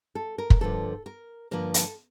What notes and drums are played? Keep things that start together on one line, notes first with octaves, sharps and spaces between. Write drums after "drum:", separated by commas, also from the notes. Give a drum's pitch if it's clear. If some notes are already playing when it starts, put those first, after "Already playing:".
A4
A#4
drum: kick
G2 D3 F3 A#3 A4
A#4
G2 D3 F3 A#3 A#4
A4, drum: hi-hat